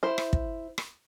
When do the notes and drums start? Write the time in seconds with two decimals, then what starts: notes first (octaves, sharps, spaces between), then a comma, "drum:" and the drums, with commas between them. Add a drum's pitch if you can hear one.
0.03 E4 C5
0.18 drum: rim click
0.33 drum: kick
0.78 drum: rim click